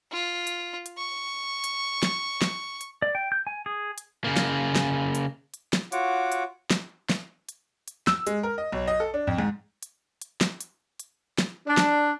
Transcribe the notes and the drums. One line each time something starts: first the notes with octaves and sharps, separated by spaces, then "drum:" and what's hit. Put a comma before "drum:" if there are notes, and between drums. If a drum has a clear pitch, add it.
F4
drum: hi-hat
drum: hi-hat
C#6
drum: hi-hat
drum: snare
drum: snare
drum: hi-hat
D5
G5
G6
G#5
G#4
drum: hi-hat
C#3 A#3
drum: snare
drum: snare
drum: hi-hat
drum: hi-hat
drum: snare
F4 F#4 C#5 F#5 D6, drum: hi-hat
drum: hi-hat
drum: snare
drum: snare
drum: hi-hat
drum: hi-hat
E6, drum: snare
G#3, drum: hi-hat
A#4
D#5
B1
D#5
A4
D4
F2
G#2
drum: hi-hat
drum: hi-hat
drum: snare
drum: hi-hat
drum: hi-hat
drum: snare
D4
drum: snare